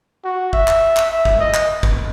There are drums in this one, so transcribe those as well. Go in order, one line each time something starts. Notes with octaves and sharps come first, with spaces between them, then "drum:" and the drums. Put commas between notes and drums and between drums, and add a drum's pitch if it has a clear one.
F#4
E5, drum: kick
drum: clap
drum: clap
E5
drum: kick
D#5
drum: clap
drum: kick